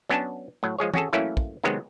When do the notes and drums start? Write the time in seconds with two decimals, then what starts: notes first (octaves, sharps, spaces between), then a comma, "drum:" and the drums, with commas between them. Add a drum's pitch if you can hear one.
0.09 F#3 B3 C#4 D4 G#5 A5
0.63 A2 F#3
0.79 F3 G#3 G#4 C#5
0.94 C#4 F#4 G#4 A4, drum: tom E3
1.13 E3 F#3 A3 A#3 C#4 E4
1.37 drum: kick
1.64 C3 D#3 F#3 G#3 B3 C4